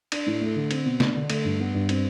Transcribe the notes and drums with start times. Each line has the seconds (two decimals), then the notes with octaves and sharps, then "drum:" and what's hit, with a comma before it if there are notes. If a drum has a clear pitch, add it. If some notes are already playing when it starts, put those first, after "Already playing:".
0.12 D4, drum: cymbal
0.27 A2
0.41 A3
0.56 D3
0.71 C4, drum: cymbal
0.86 B2
1.00 D4, drum: snare
1.15 D3
1.30 A3, drum: cymbal
1.45 G2
1.59 B3
1.74 G2
1.89 C4, drum: cymbal